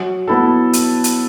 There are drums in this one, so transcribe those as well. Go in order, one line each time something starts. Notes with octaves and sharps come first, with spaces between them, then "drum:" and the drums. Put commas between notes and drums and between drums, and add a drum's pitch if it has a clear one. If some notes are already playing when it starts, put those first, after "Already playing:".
Already playing: F#3
B3 E4 A4
drum: hi-hat
drum: hi-hat